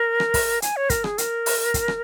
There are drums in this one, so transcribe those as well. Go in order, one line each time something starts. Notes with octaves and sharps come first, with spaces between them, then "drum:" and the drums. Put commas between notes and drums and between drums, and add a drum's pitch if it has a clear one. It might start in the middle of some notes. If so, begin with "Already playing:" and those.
Already playing: A#4
drum: rim click
drum: kick, open hi-hat
G#5, drum: hi-hat
C#5
A#4, drum: kick, hi-hat
G#4, drum: rim click
A#4, drum: hi-hat
drum: open hi-hat
drum: kick, hi-hat
drum: rim click